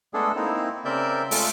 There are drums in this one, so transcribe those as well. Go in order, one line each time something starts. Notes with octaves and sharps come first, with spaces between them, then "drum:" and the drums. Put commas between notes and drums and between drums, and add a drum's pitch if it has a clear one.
G#3 A3 B3 D4 G#4 A4
A#3 C4 D#4 E4
C#3 C4 A#4 D5 E5 G6
G#3 A3 F4 A4, drum: open hi-hat